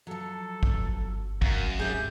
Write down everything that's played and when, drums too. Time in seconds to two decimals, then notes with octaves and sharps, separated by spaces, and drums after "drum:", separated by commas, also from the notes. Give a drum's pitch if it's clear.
0.07 F3 F#3 A4
0.63 drum: kick
0.74 G1
1.42 F#2 A#4 F5, drum: kick
1.79 D1 G#1 G#2 C#3 G4 G#4 E5 G6